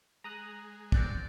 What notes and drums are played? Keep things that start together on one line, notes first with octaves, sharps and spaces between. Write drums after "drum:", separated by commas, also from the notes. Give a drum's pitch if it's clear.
G#3 A#5 D#6 F#6
C4 D4 F#4 D5, drum: kick